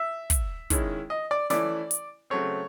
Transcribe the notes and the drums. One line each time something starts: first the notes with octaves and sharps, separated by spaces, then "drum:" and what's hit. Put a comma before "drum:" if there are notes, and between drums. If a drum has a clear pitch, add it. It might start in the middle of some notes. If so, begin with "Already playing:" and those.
Already playing: E5
drum: kick, hi-hat
D#3 G#3 C#4 E4, drum: kick, hi-hat
D#5
D5
E3 A3 C#4 E4 D5, drum: snare
drum: hi-hat
C#3 F#3 A3 C4 C#5